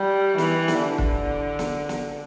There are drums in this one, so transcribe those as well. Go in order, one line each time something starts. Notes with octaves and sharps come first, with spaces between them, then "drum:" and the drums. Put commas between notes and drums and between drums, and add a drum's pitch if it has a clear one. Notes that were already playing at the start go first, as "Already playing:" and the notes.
Already playing: G3
E3, drum: snare
drum: snare
D3
drum: kick
drum: snare
drum: snare